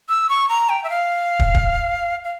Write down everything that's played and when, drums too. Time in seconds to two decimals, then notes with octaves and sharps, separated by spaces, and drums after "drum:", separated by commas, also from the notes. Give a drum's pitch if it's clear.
0.09 E6
0.29 C#6
0.49 A#5
0.69 G5
0.84 E5
0.90 F5
1.39 drum: kick
1.55 drum: kick
2.24 F5